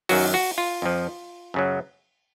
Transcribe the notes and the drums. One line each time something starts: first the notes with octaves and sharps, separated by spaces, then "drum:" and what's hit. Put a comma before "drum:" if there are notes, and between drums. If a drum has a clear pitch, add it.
F#2 D#3 F#3 F#4, drum: open hi-hat
F#4
F4
F2 F3
F#2 C#3 F#3